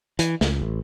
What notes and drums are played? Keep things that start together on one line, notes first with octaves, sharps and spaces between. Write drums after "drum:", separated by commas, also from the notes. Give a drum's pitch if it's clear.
E3, drum: hi-hat
C#2, drum: snare
A1